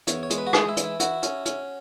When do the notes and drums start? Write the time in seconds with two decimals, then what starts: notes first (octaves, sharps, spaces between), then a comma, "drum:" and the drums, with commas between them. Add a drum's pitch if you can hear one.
0.07 E2 C#5, drum: hi-hat
0.23 C#5
0.30 G#3, drum: hi-hat
0.38 B4
0.47 F#4
0.53 G#3 G#4, drum: rim click
0.69 E4
0.77 E3, drum: hi-hat
0.84 E4
1.00 E4 F#4, drum: hi-hat
1.23 C#4, drum: hi-hat
1.46 C#4, drum: hi-hat